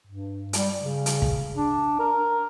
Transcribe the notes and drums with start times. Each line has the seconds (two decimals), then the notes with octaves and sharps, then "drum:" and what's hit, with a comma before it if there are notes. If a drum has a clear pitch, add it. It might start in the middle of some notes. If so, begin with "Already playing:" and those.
0.07 G2
0.53 G3, drum: hi-hat
0.80 C#3
1.06 drum: hi-hat
1.22 drum: kick
1.57 D4
1.99 A#4